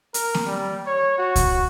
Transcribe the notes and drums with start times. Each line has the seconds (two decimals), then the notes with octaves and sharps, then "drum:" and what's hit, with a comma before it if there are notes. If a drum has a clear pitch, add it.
0.14 A#4, drum: hi-hat
0.34 drum: snare A#3
0.46 G3
0.86 C#5
1.18 F#4
1.36 drum: kick C#2, hi-hat